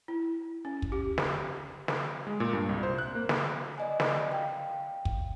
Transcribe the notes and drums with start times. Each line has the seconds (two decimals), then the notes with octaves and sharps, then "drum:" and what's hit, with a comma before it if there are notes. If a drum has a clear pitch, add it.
0.08 E4
0.65 C#4
0.82 drum: kick
0.92 G4
1.18 drum: snare
1.88 drum: snare
2.27 G#3
2.40 A#2
2.53 G2
2.69 C2
2.83 C5
2.98 F#6
3.15 A#3
3.29 drum: snare
3.78 D5 D#5 G#5
4.00 drum: snare
4.32 F5 G5
5.05 drum: kick